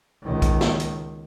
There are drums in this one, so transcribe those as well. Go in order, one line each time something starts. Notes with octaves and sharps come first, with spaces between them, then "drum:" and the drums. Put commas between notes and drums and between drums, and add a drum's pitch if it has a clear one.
C#2 D#3
drum: kick, hi-hat
drum: snare
drum: hi-hat